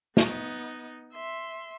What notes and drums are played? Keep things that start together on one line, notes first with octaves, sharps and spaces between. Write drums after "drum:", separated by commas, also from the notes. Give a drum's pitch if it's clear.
B3 D#4, drum: snare
E5 C6